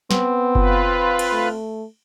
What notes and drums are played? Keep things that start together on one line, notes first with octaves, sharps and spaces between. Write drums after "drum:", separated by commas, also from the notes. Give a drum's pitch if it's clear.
B3 C4, drum: snare
F4 B4, drum: kick F#1
drum: cymbal
A3